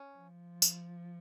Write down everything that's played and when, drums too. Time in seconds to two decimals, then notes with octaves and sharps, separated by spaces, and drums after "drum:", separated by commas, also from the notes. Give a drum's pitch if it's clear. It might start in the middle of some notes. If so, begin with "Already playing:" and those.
Already playing: C#4
0.17 F3
0.62 drum: tambourine